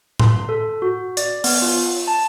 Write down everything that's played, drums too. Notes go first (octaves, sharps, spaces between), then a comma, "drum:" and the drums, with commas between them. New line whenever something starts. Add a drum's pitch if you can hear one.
C6, drum: tom A2
A4
F#4
D5, drum: hi-hat
B3, drum: open hi-hat
F4
A5